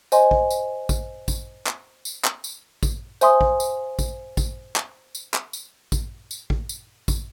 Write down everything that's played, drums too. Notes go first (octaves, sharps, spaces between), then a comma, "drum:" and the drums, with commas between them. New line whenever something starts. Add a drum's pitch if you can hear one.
C5 D#5 G#5 C6, drum: tambourine
drum: kick A1
drum: tambourine
drum: kick A1, tambourine
drum: kick A1, tambourine
drum: clap
drum: tambourine
drum: clap
drum: tambourine
drum: kick A1, tambourine
C5 E5 G#5 C6 D#6, drum: tambourine
drum: kick A1
drum: tambourine
drum: kick A1, tambourine
drum: kick A1, tambourine
drum: clap
drum: tambourine
drum: clap
drum: tambourine
drum: kick A1, tambourine
drum: tambourine
drum: kick A1
drum: tambourine
drum: kick A1, tambourine